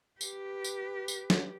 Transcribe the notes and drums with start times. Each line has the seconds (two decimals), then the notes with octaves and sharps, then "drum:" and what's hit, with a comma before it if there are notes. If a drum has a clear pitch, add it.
0.21 G4 B4, drum: tambourine
0.64 drum: tambourine
1.08 drum: tambourine
1.30 drum: snare